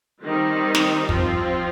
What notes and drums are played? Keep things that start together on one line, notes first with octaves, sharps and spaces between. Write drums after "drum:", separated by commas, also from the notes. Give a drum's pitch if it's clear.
D#3 G3 C4 D#4
drum: snare
F3 C4 F4, drum: kick